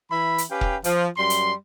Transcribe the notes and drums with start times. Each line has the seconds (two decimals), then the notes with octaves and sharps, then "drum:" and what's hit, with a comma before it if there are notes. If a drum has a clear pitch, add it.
0.11 E3 E5 B5
0.38 drum: hi-hat
0.50 C#4 G4 B4 F5 G5
0.61 drum: kick F1
0.84 F3, drum: hi-hat
1.17 F#2 G3 C6
1.30 drum: hi-hat